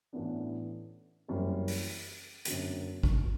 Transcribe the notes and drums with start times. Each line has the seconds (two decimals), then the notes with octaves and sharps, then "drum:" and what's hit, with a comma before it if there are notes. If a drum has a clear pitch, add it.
0.13 A1 A2 E3 B3 D4
1.28 F#1 F#2 E3 G3
1.68 drum: open hi-hat
2.45 F#1 F#2 D3 F#3 C4, drum: hi-hat
3.03 drum: kick G#1